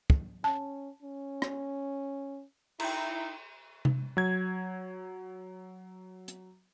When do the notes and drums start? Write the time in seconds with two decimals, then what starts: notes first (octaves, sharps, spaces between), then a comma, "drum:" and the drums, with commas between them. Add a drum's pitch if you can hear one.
0.10 drum: kick
0.44 C#4 A5
1.03 C#4
1.42 drum: rim click
2.80 D#4 E4 G5 A#5, drum: cymbal
3.85 drum: tom C3
4.17 F#3 G#6
6.28 drum: hi-hat